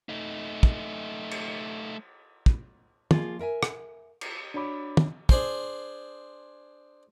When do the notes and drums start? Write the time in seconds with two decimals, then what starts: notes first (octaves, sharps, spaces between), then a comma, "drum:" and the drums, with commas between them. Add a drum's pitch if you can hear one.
0.09 A3 D#4
0.63 drum: kick
1.31 drum: cymbal
2.46 drum: kick
3.11 F3 A#3 F4 G#4, drum: tom
3.39 E4 A#4 E5 G#5
3.63 drum: rim click
4.21 drum: cymbal
4.54 D4 F#4 C#5 B5 D6
4.97 drum: tom
5.29 D4 G#4 C5 C6, drum: kick